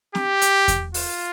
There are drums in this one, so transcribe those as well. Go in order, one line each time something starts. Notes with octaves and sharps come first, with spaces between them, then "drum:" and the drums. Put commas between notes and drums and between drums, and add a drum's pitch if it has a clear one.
G4, drum: snare C4
drum: hi-hat
drum: kick E2, hi-hat
F4, drum: open hi-hat